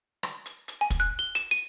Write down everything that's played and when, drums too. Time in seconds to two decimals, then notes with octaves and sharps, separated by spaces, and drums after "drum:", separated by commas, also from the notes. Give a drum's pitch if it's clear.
0.23 drum: rim click
0.46 drum: hi-hat
0.68 drum: hi-hat
0.81 G#5
0.90 drum: kick, hi-hat
1.00 F#6
1.19 G7
1.35 E7, drum: hi-hat
1.51 D#7